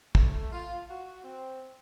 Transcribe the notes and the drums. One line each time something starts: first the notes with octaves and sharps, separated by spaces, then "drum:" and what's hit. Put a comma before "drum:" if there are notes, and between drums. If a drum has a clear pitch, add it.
A3, drum: kick
F4
F#4
C4